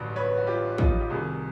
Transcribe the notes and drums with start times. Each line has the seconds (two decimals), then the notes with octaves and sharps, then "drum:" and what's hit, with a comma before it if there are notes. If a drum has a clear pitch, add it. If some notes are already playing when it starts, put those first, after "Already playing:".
Already playing: A1 G2 D3 F#3
0.16 B4 C#5
0.37 F#4
0.47 F4 G4
0.78 D#4 F4, drum: kick
1.01 G4
1.10 C2 C3 D#3 F#4 G#4